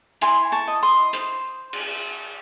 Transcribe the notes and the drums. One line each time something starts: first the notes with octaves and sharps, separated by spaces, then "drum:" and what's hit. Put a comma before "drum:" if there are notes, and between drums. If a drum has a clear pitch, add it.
E4 G#5 C6, drum: hi-hat
A5 C#6
D#5
C6 D#6
C5, drum: hi-hat
drum: cymbal